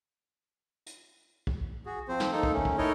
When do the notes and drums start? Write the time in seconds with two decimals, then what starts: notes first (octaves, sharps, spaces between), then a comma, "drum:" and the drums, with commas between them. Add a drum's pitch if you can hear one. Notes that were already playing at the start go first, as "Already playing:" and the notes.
0.86 drum: hi-hat
1.47 drum: kick
1.86 F#4 G#4
2.08 F3 C4 C5
2.20 drum: snare
2.32 A#3 D#4 A4
2.43 drum: kick
2.53 D#3 A3 C#4
2.65 drum: kick
2.78 D#4 E4 A4 A#4 C#5 D#5